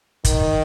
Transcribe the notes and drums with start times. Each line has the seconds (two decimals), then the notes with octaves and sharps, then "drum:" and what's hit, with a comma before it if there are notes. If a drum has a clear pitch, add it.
0.25 D#3, drum: kick, hi-hat